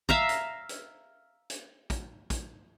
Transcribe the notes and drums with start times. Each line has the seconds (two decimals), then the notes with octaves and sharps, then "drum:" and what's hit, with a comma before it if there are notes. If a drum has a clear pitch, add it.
0.09 E5 F5 A#5, drum: kick
0.29 drum: hi-hat
0.69 drum: hi-hat
1.50 drum: hi-hat
1.90 drum: kick, hi-hat
2.30 drum: kick, hi-hat